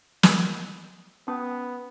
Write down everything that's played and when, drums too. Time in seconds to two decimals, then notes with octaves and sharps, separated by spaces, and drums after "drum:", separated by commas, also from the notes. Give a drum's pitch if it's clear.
0.23 D#5 D#6 E6, drum: snare
1.28 B3 C#4 A5 D#6